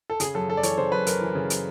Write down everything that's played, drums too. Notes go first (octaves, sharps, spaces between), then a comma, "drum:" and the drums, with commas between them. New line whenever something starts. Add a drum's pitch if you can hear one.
A4
C#3 G#4, drum: hi-hat
F#2 A4
F#2 A4
D5
E3 C#5, drum: hi-hat
C#3 C5
F#2 B4
F#2 A#4, drum: hi-hat
E3
C#3
drum: hi-hat